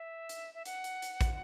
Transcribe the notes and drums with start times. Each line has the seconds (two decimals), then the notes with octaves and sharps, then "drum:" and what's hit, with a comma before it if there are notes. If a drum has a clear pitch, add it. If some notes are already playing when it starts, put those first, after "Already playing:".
Already playing: E5
0.29 drum: hi-hat
0.54 E5
0.65 F#5, drum: hi-hat
0.84 drum: hi-hat
1.02 drum: hi-hat
1.21 drum: kick, hi-hat